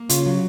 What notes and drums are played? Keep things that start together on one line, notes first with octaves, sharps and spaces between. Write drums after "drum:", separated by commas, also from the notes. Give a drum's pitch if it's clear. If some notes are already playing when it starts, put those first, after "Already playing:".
Already playing: A#3
C#3 F4, drum: hi-hat
F#3